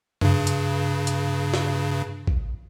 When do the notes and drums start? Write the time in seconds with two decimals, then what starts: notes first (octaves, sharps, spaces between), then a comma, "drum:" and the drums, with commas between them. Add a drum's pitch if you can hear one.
0.21 G2 C#3, drum: tom F#2
0.47 drum: hi-hat
1.07 drum: hi-hat
1.54 drum: snare
2.27 drum: kick